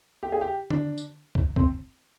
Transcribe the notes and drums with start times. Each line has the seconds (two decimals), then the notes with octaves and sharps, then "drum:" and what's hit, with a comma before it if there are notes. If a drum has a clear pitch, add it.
0.23 G4
0.32 G#4
0.41 G4
0.70 D4, drum: tom D3
0.98 drum: tambourine
1.35 drum: kick
1.56 C4, drum: kick